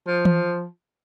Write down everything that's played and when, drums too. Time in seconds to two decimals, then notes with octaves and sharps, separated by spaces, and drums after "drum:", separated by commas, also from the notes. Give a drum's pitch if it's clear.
0.07 F3
0.25 drum: tom E3